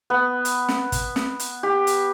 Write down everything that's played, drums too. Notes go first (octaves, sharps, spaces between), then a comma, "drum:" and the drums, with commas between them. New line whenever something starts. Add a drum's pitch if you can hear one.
B3
drum: hi-hat
drum: snare
drum: kick, hi-hat
drum: snare
drum: hi-hat
G4
drum: hi-hat